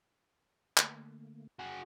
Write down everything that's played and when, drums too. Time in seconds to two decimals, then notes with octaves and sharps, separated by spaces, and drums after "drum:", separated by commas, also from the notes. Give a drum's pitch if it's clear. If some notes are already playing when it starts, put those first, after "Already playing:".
0.77 D3 A3 A#3, drum: clap
1.59 F#4 G#4